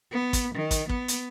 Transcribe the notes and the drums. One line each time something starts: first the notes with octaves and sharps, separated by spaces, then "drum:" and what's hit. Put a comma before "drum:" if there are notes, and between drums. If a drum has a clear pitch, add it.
B3
drum: kick, hi-hat
D#3
drum: kick, hi-hat
B3, drum: kick
drum: hi-hat